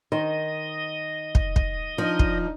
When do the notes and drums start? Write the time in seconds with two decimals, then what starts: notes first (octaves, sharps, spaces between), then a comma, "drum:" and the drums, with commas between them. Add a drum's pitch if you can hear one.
0.12 D#3 C5 D#5
1.35 drum: kick
1.56 drum: kick
1.98 F3 D4 D#4
2.19 drum: kick